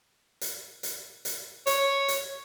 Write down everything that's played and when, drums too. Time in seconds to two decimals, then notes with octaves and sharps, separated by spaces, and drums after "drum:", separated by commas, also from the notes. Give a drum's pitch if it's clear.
0.41 drum: hi-hat
0.83 drum: hi-hat
1.25 drum: hi-hat
1.67 C#5, drum: hi-hat
2.08 drum: hi-hat